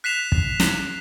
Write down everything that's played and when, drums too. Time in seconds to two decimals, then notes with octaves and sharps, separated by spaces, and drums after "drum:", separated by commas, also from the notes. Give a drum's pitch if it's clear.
0.04 F#6 B6 C7 E7 F7
0.32 drum: kick
0.60 drum: snare